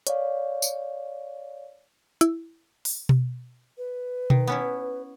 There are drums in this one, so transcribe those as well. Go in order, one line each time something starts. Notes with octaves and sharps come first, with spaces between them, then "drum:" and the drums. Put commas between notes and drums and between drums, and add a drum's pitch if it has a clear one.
C#5 D5 F5, drum: hi-hat
drum: tambourine
E4, drum: hi-hat
drum: open hi-hat
drum: tom B2
B4
D#3, drum: tom B2
B3 C#4 E4